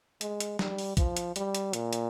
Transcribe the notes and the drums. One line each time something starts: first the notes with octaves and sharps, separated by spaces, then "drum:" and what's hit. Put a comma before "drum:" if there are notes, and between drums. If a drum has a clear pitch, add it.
G#3, drum: hi-hat
drum: hi-hat
G3, drum: snare
drum: open hi-hat
F3, drum: kick, hi-hat
drum: hi-hat
G3, drum: hi-hat
drum: hi-hat
A#2, drum: hi-hat
drum: hi-hat